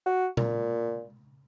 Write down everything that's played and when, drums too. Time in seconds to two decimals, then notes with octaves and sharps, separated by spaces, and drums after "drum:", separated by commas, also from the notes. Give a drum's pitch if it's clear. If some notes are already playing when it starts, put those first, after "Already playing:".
0.06 F#4
0.37 A#2, drum: tom A#2